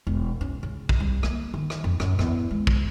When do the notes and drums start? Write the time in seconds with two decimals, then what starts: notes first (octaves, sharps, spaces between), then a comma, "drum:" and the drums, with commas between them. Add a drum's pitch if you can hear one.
0.07 E1
0.41 C#4
0.63 C#3
0.89 drum: kick
1.00 C2
1.23 A#3, drum: rim click
1.54 D#3
1.70 drum: rim click
1.84 F2
2.00 F#2, drum: rim click
2.19 E2, drum: rim click
2.51 G#3
2.67 drum: kick